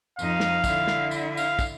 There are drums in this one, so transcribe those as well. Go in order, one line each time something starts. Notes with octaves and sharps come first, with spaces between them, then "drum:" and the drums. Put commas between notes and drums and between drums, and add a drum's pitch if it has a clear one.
F2 D#4 F5, drum: tambourine
drum: snare
D3 E4, drum: kick, tambourine
drum: snare
drum: tambourine
F5, drum: tambourine
drum: kick, tambourine